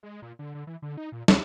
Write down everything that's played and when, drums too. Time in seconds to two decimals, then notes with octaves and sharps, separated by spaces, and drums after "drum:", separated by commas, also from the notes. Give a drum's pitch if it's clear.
0.03 G#3
0.22 A#2
0.39 D3
0.55 D3
0.67 E3
0.82 D3
0.97 D#4
1.12 A#2
1.28 D#2, drum: snare